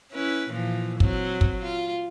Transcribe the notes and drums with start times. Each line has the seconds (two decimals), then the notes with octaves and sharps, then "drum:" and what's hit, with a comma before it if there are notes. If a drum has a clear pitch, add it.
0.12 C#4 E4 B4
0.50 A#2 E3 F3
1.00 F#3 C4, drum: kick
1.41 drum: kick
1.63 F4